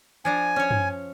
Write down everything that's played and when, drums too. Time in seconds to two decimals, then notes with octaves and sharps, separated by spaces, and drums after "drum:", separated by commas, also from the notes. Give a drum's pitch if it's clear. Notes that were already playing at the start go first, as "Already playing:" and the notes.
0.25 F3 D4 G#5 A#5
0.56 C#4 C#5
0.71 drum: tom